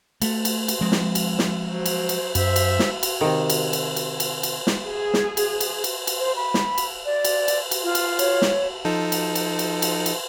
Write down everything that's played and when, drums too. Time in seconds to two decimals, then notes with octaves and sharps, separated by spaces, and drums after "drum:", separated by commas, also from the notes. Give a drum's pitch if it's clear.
0.22 A3, drum: cymbal
0.45 drum: cymbal
0.68 drum: cymbal
0.81 F3 G#3 C4
0.92 drum: snare
1.15 drum: cymbal
1.39 drum: snare
1.68 F#3 C5
1.86 drum: cymbal
2.09 drum: cymbal
2.35 F#2 C5 E5, drum: cymbal
2.56 drum: cymbal
2.79 drum: snare
3.03 drum: cymbal
3.21 C3 D#3
3.50 drum: cymbal
3.73 drum: cymbal
3.96 drum: cymbal
4.20 drum: cymbal
4.43 drum: cymbal
4.67 drum: snare
4.82 G#4
5.14 drum: snare
5.37 drum: cymbal
5.60 drum: cymbal
5.84 drum: cymbal
6.07 drum: cymbal
6.19 C5
6.36 B5
6.54 drum: snare
6.78 drum: cymbal
7.05 D5
7.25 drum: cymbal
7.48 drum: cymbal
7.71 drum: cymbal
7.83 F4
7.95 drum: cymbal
8.19 C#5, drum: cymbal
8.42 drum: snare
8.85 F3 D#4 A4
9.12 drum: cymbal
9.35 drum: cymbal
9.59 drum: cymbal
9.82 drum: cymbal
10.06 drum: cymbal